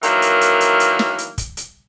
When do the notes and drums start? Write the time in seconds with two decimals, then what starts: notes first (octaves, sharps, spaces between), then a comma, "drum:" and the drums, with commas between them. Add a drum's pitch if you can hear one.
0.03 D#3 E3 F#3 A#3, drum: hi-hat
0.22 drum: hi-hat
0.41 drum: hi-hat
0.61 drum: hi-hat
0.80 drum: hi-hat
0.99 drum: snare
1.18 drum: hi-hat
1.38 drum: kick, hi-hat
1.57 drum: hi-hat